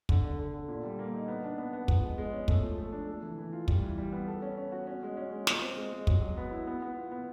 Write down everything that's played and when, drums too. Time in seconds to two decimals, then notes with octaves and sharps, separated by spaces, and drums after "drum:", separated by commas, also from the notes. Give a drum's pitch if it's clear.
0.09 D3, drum: kick
0.24 D3
0.39 D3
0.54 D3
0.68 A#2
0.83 G3
0.99 A#3
1.14 D#4
1.28 B3
1.44 D4
1.58 B3
1.73 B3
1.88 F3, drum: kick
2.03 G#3
2.18 G#3
2.33 C#4
2.48 A3, drum: kick
2.63 F3
2.78 A3
2.93 D4
3.08 A3
3.23 E3
3.38 E3
3.53 F4
3.68 G3, drum: kick
3.83 E3
3.98 G3
4.13 B3
4.28 A4
4.42 C#4
4.57 C#4
4.72 F#4
4.87 C#4
5.03 G#3
5.17 C#4
5.32 G#3
5.47 F4, drum: snare
5.62 C4
5.77 G#3
5.93 G#3
6.07 F#3, drum: kick
6.22 F#3
6.37 B3
6.51 E4
6.67 B3
6.82 B3
6.96 F4
7.12 B3